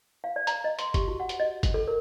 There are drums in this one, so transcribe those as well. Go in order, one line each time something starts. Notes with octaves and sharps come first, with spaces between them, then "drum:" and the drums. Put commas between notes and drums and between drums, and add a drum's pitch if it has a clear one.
F5
D5
A#5, drum: hi-hat
D#5
C6, drum: hi-hat
G4, drum: kick, hi-hat
F#4
F#5
drum: hi-hat
D#5
drum: kick, hi-hat
A4
A#4